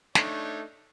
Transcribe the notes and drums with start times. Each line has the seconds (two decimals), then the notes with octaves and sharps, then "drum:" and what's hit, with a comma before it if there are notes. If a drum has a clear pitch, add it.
0.15 A3 D4 D#4 C#5, drum: snare